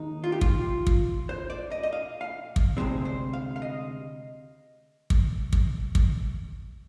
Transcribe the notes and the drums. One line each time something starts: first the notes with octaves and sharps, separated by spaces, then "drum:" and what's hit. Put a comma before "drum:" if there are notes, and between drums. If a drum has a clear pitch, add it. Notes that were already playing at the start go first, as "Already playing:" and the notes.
Already playing: D#2 D#3 G#3 D#4
F4
G4
F4, drum: kick
drum: kick
C5
D5
D#5
D#5
F5
F5
drum: kick
D2 C3 F3 G#3 C4 C5
C5
F5
F5
D#5
drum: kick
drum: kick
drum: kick